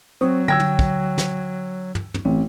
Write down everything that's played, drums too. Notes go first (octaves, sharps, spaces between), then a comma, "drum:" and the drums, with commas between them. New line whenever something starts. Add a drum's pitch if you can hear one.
F#3 C4 C#6 D#6
D3 G5 E6 G#6 A#6
drum: tom
drum: kick
drum: snare
drum: tom
drum: tom
A1 C4